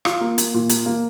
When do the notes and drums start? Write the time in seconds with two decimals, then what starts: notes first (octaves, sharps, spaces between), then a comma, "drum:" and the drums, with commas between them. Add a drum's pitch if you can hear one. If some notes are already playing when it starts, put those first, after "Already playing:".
0.05 F4, drum: rim click
0.21 A#3
0.38 A#3, drum: hi-hat
0.54 A#2
0.69 A#3, drum: hi-hat
0.86 A#3